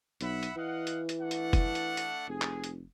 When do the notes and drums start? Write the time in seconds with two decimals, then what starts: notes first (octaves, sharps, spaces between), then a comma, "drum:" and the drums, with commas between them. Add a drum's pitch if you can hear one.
0.21 B1 E5 F#5 B5, drum: hi-hat
0.43 drum: hi-hat
0.56 E3 D#5 F5 F#5
0.87 drum: hi-hat
1.09 drum: hi-hat
1.20 A3 D4 F#5
1.31 drum: hi-hat
1.53 drum: kick, hi-hat
1.75 drum: hi-hat
1.97 drum: hi-hat
2.28 F1 G#4
2.42 drum: clap
2.64 drum: hi-hat